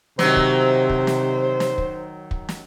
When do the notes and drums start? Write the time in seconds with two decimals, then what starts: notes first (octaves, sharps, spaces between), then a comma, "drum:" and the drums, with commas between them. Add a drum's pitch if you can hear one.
0.19 C3 D#3 F#3 C5, drum: snare
0.36 drum: kick
0.90 drum: kick
1.07 drum: snare
1.60 drum: snare
1.78 drum: kick
2.31 drum: kick
2.49 drum: snare